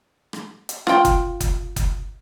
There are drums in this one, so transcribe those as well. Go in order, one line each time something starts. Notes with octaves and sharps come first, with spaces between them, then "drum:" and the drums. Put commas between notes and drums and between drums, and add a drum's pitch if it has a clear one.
drum: rim click
drum: hi-hat
F4 G5, drum: rim click
drum: kick F#1, hi-hat
drum: kick F#1, hi-hat
drum: kick F#1, hi-hat